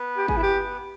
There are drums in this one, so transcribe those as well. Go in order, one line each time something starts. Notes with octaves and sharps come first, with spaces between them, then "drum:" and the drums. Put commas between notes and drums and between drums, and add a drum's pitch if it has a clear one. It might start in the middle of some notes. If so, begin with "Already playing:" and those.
Already playing: B3 B4
G4
G#4, drum: kick
E4
G4